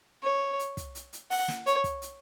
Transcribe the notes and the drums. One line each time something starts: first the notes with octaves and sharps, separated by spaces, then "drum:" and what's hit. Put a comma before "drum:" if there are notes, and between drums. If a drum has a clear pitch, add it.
C#5
drum: hi-hat
drum: kick, hi-hat
drum: hi-hat
drum: hi-hat
F#5, drum: open hi-hat
drum: snare
C#5, drum: hi-hat
drum: kick, hi-hat
drum: hi-hat